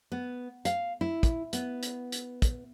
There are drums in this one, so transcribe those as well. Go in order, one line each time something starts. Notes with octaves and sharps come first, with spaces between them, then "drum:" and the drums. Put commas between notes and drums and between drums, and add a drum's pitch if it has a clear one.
B3
F5, drum: hi-hat
E4
drum: kick, hi-hat
B3, drum: hi-hat
drum: hi-hat
drum: hi-hat
drum: kick, hi-hat